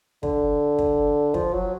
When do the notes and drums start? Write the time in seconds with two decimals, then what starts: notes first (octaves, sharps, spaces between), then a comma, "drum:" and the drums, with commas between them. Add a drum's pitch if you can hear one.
0.23 D3, drum: kick
0.79 drum: kick
1.34 F3, drum: kick
1.53 F#3